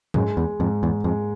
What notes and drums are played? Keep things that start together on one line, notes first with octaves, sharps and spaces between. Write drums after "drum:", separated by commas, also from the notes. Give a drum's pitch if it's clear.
F#2 G#3, drum: tom
E2
F2 G#2
E2
F2 G#3